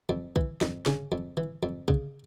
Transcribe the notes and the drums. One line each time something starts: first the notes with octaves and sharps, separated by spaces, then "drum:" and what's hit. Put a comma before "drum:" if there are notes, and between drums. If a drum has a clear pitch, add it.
F2
E3, drum: kick
F2, drum: snare
C#3 C#4, drum: snare
F2
E3
F2
C#3, drum: kick